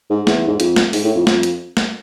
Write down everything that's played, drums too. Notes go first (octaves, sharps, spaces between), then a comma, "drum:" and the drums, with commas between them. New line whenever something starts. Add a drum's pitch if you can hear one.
G#2
E2, drum: snare
G#2
F2, drum: hi-hat
drum: snare
G#2, drum: open hi-hat
A2
F2
F2, drum: snare
drum: hi-hat
drum: snare